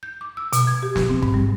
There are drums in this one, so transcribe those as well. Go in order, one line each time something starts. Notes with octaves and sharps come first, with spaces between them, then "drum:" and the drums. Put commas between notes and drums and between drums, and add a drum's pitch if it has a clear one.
G6
D6
E6
B2, drum: hi-hat
G#6
G4
B2, drum: snare
C4
G#2, drum: kick
G3